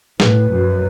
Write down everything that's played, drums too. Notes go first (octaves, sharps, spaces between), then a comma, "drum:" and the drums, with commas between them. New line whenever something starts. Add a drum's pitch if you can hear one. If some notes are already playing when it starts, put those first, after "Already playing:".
A2 B4, drum: snare
F#2